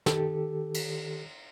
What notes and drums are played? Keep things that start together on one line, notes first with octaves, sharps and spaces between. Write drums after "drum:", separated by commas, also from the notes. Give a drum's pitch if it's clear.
D#3 G4 A4, drum: snare
drum: cymbal